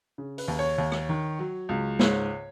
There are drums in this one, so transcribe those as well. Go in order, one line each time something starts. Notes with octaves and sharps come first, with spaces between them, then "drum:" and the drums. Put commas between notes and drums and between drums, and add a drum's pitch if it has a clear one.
C#3
B4, drum: open hi-hat
D#2
C#5
D#2
drum: rim click
D#3
F#3
C#2
G#2 C#5, drum: snare